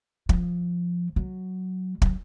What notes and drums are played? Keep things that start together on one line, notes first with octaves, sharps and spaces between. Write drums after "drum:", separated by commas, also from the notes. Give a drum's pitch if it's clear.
F3, drum: kick
F#3
F#3, drum: kick